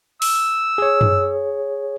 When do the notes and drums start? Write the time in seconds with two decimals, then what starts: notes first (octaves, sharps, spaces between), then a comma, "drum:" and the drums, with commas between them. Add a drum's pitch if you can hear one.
0.22 E6, drum: open hi-hat
0.78 G#4 C#5
1.01 drum: tom F#2